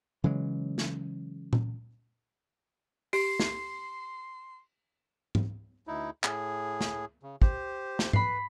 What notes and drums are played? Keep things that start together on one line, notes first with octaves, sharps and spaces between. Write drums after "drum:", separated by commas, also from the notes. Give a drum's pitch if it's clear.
C#3 E3 F#3 G#3
drum: snare
drum: tom A#2
G4 C6 C7, drum: open hi-hat
drum: snare
drum: tom G#2
D2 D#4 E4
A2 G#4, drum: clap
drum: snare
C#3
G4 C5, drum: kick
drum: snare
B4 B5 C7, drum: tom G#2